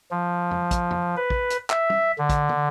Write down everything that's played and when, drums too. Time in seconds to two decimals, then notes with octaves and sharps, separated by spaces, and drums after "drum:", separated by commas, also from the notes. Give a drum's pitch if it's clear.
0.11 F3
0.51 drum: tom
0.71 drum: kick, hi-hat
0.91 drum: tom
1.17 B4
1.30 drum: kick
1.50 drum: hi-hat
1.70 E5, drum: clap
1.90 drum: tom
2.18 D3
2.29 drum: kick, hi-hat
2.49 drum: tom